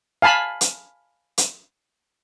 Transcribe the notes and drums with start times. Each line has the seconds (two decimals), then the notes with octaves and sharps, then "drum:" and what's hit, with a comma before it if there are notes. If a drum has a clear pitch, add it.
0.22 F5 G#5 A5 B5
0.61 drum: hi-hat
1.38 drum: hi-hat